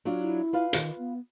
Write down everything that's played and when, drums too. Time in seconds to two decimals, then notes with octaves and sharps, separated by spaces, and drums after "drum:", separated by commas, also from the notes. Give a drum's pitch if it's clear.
0.05 F#3 D4 F4
0.20 E4
0.53 F4 B4 F5
0.73 D#3, drum: hi-hat
0.98 B3